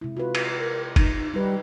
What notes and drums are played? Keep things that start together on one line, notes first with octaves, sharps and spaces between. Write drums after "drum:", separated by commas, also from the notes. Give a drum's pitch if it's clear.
C3 G#3 E4
F4 F#4 B4
drum: cymbal
A#4
D#4, drum: kick F#1, cymbal
G3 D#4 B4